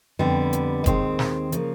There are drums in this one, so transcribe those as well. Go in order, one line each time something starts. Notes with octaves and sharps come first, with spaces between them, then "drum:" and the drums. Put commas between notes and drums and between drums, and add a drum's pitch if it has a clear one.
F2 D3 G3 B3
drum: hi-hat
D#2 D#3 G#3 C4, drum: kick, hi-hat
drum: snare
C#3 F3 A#3, drum: hi-hat